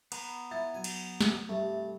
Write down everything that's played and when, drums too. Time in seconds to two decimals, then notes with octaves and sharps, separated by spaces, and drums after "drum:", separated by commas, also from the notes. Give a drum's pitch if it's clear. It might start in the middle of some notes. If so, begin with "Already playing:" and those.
0.12 B3 A#5 B5, drum: cymbal
0.51 E4 A6
0.74 F#3 G#5
0.84 drum: cymbal
1.21 drum: snare
1.49 G2 C3 A3